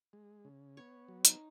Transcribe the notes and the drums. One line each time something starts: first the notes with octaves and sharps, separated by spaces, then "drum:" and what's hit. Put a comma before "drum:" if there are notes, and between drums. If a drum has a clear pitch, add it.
G#3
C#3
B3 C#5
F#3
D#4, drum: hi-hat